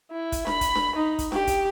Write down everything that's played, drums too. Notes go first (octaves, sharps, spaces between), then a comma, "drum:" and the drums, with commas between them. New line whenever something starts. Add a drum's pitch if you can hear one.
E4
drum: kick, hi-hat
B5, drum: snare D4
drum: kick, hi-hat
drum: snare D4
D#4
drum: kick, hi-hat
G4, drum: snare D4
drum: kick, hi-hat